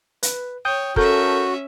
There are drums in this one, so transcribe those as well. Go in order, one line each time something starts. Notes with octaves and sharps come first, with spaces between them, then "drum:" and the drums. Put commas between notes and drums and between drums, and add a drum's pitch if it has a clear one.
B4, drum: hi-hat
C#5 G5 D#6 G6
C#4 F#4 A4 A#4 E5 G6, drum: kick